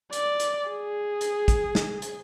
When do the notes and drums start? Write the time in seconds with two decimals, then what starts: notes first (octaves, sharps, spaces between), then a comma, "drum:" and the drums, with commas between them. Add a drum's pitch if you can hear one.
0.13 D5, drum: hi-hat
0.40 drum: hi-hat
0.70 G#4
1.21 drum: hi-hat
1.48 drum: kick, hi-hat
1.75 drum: snare
2.02 drum: hi-hat